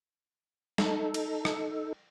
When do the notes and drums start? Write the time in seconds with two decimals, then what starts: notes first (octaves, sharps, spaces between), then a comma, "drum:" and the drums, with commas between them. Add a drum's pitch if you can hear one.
0.78 D#4 A4, drum: snare
1.14 drum: cymbal
1.45 drum: rim click